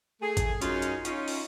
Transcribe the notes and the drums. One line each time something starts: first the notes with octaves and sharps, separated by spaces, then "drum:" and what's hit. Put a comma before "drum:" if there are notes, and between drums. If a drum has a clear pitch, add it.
A3 G#4
drum: kick G#1, hi-hat
F#2 C#4 D#4 F4 F#4 G#4, drum: hi-hat
drum: hi-hat
C#4 D#4 F4, drum: hi-hat
drum: open hi-hat